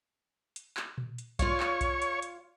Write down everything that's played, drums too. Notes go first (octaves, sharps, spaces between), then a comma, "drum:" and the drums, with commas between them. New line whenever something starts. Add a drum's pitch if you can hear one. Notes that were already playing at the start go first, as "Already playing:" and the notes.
drum: hi-hat
drum: clap
drum: tom A#2
drum: hi-hat
F4 C#5 D5 F5, drum: kick B1, hi-hat
drum: clap
drum: kick B1, hi-hat
drum: hi-hat
drum: hi-hat